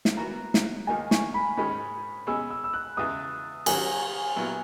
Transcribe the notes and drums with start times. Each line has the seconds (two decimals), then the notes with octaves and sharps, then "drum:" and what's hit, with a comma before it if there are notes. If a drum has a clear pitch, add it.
0.05 drum: snare
0.17 E3 B3 F#4 A#4 A#5
0.54 drum: snare
0.87 D#2 D#3 G#3 D#4 G#5
1.11 C#6, drum: snare
1.34 B5
1.57 G#2 D#3 G#3 C#4 B5
2.27 B2 G#3 C#4 G#4 E6
2.51 E6
2.64 E6
2.74 F#6
2.97 E2 C#3 E3 G#3 D#6
3.66 D#3 F#3 C#4 F#4 A#4 G#5, drum: cymbal
4.36 A#2 F#3 B3 E4